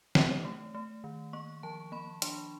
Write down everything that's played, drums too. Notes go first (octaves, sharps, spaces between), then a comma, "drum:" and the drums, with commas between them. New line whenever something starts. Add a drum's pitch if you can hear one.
A3, drum: snare
A3
A3
D#3
A#3 C#6
F3 A5
A#3 B5
D4 C6, drum: hi-hat